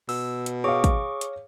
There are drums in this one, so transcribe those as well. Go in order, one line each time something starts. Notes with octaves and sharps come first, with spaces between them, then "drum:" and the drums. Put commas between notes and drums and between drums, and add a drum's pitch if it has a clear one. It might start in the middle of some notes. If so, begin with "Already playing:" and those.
B2 E6, drum: open hi-hat
drum: hi-hat
G#4 C#5 F5 C#6 D6
drum: kick, hi-hat
drum: hi-hat